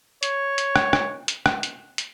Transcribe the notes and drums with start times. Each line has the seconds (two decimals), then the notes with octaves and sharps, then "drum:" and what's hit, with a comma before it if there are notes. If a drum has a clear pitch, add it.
0.23 C#5, drum: hi-hat
0.58 drum: hi-hat
0.76 drum: rim click
0.93 drum: rim click
1.28 drum: hi-hat
1.46 drum: rim click
1.63 drum: hi-hat
1.98 drum: hi-hat